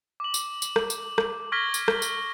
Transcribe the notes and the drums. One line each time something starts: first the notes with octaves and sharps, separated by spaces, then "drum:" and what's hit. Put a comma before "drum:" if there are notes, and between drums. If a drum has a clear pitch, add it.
D6 F#7
drum: tambourine
drum: tambourine
drum: rim click
drum: tambourine
drum: rim click
C#6 F6 G#6 A#6 B6 G7
drum: tambourine
drum: rim click
drum: tambourine